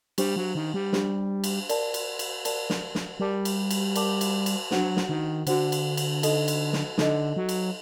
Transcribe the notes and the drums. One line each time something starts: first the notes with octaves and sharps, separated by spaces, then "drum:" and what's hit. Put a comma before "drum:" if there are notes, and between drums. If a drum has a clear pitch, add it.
G3 D4 G4 C5, drum: cymbal
F#3
D#3
G3
D4 G4 C5, drum: snare
drum: cymbal
A#4 D5 A5, drum: cymbal
drum: cymbal
drum: cymbal
A#4 D5 A5, drum: cymbal
drum: snare
drum: snare
G3 A#4 D5 A5 D6
drum: cymbal
drum: cymbal
A#4 D5 A5 D6, drum: cymbal
drum: cymbal
drum: cymbal
F#3 D4 F#4 C5 F#5, drum: snare
drum: snare
D#3
D3 D4 F#4 C5 F#5, drum: cymbal
drum: cymbal
drum: cymbal
D#4 A4 D#5, drum: cymbal
drum: cymbal
drum: snare
D3 D#4 A4 D#5, drum: snare
F#3
drum: cymbal